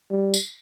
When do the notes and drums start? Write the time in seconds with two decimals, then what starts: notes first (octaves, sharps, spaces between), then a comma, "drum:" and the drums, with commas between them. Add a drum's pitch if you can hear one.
0.10 G3
0.34 drum: tambourine